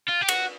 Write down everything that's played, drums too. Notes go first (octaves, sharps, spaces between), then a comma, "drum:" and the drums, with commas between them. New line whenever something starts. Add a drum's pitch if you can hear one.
F4
G4
F#4, drum: cymbal